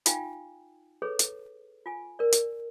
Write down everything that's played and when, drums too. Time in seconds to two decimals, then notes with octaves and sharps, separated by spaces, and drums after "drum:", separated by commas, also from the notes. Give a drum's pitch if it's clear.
0.06 D#4 F4 F5 G5 G#5, drum: hi-hat
1.02 G#4 A4 B4 C#5
1.19 drum: hi-hat
1.86 F4 G#5
2.19 A#4 D5
2.32 drum: hi-hat